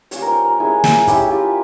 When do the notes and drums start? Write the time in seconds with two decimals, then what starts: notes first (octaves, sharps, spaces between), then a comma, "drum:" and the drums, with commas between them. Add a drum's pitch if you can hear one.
0.11 G3 C#4 F4 C#5, drum: hi-hat
0.22 A#4
0.27 C5
0.44 A#4
0.60 G#3 C#4 E4 G#4
0.84 drum: snare
1.07 G#3 C#4 E4 G4, drum: kick, hi-hat
1.26 F4 G4